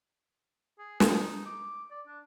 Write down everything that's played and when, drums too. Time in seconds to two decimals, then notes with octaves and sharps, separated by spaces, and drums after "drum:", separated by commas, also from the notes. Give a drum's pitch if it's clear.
0.79 G#4
1.00 D#4, drum: snare
1.46 D6
1.91 D5
2.07 D4